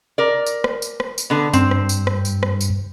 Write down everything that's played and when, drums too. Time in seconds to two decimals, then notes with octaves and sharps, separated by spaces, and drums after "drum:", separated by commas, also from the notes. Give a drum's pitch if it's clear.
0.18 A#4 D5
0.46 drum: tambourine
0.64 drum: rim click
0.82 drum: tambourine
1.00 drum: rim click
1.18 drum: tambourine
1.30 D3 B3
1.53 G2 C4, drum: tambourine
1.71 drum: rim click
1.89 drum: tambourine
2.07 drum: rim click
2.25 drum: tambourine
2.43 drum: rim click
2.61 drum: tambourine